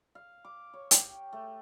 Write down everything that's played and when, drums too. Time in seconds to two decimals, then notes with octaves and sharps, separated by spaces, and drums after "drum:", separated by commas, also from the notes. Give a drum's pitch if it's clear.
0.15 F5
0.45 D6
0.74 C#5
0.91 G4, drum: hi-hat
1.33 A3